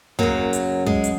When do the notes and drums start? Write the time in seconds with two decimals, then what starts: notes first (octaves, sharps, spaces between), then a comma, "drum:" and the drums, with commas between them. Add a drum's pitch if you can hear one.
0.19 F#2 C#3 F#3 A#3, drum: kick
0.53 drum: hi-hat
0.86 G#3, drum: kick
1.04 drum: hi-hat